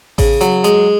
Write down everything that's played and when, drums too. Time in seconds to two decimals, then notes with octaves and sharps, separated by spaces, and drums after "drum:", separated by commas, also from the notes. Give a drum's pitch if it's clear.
0.18 C#3, drum: kick A1, open hi-hat
0.41 F#3, drum: hi-hat
0.64 G#3, drum: hi-hat